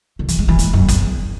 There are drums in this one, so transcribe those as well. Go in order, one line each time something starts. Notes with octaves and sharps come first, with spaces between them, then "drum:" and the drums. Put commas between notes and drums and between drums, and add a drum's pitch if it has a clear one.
D3
E3, drum: hi-hat
G#3
E3
G#2, drum: hi-hat
F#2
E2, drum: kick F#1, hi-hat